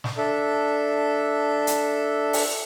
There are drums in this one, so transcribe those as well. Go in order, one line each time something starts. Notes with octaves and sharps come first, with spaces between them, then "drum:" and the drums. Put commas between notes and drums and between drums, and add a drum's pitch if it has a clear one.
drum: snare
D4 A4 E5
drum: hi-hat
drum: open hi-hat